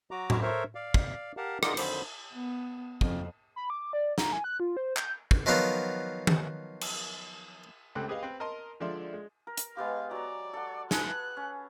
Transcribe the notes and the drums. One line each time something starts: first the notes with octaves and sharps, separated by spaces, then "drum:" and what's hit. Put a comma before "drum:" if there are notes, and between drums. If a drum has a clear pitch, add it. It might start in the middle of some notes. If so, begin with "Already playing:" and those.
F#3 F#4 A#5 D6
drum: tom A2
A4 A#4 C5 C#5 E5
D5 F5
drum: kick
G4 A#4 F5 F#5 A5
F4 G#4 A#4 D5 D#5 F#5, drum: rim click
F2 D3 D#3 F#3 C5 B5, drum: cymbal
B3
F2, drum: kick
B5
D6
D5
A#5, drum: snare
G#5
F#6
F4
C5
G6, drum: clap
drum: kick
D#3 F3 F#3 B3 F4
drum: tom D#3
drum: cymbal
C#2 A3 C4 G4 F#6
G4 G#4 B4 D#5 F5
C4 B4
A#4 D#5 A5 C6
D3 F3 G#3 D5 E5 C6
G#3
A#4
drum: hi-hat
G#3 B3 G4 F5
F#3 D5 A#5
A4 F#5
G#4 A4 B4 F#6, drum: snare
C#4